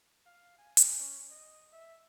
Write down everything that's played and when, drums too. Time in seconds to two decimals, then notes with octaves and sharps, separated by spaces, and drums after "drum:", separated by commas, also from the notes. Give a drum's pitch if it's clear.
0.26 F5
0.58 G#5
0.77 drum: hi-hat
0.99 C#4
1.30 D#5
1.73 E5